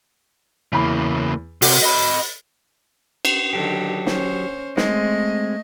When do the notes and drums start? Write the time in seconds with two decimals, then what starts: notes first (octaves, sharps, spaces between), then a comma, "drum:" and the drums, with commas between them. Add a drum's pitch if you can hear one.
0.73 E2 C#3 E3 A#3 B5
1.62 C3 F#4, drum: open hi-hat
1.82 D#5 B5
3.25 drum: cymbal
3.53 D3 D#3 F#3 G4 A4
4.06 C#4 C5, drum: snare
4.77 G#3 A3 C4 D#5, drum: snare